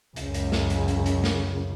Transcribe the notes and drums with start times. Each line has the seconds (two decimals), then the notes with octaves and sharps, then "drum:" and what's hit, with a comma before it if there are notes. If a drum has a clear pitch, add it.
0.16 C#2 F#2, drum: hi-hat
0.34 drum: hi-hat
0.52 drum: snare
0.70 drum: hi-hat
0.88 drum: hi-hat
1.06 drum: hi-hat
1.24 drum: snare